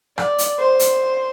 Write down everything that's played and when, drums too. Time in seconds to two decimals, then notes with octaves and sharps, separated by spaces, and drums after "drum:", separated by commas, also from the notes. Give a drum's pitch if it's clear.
0.18 D5, drum: rim click
0.38 drum: hi-hat
0.59 C5
0.79 drum: hi-hat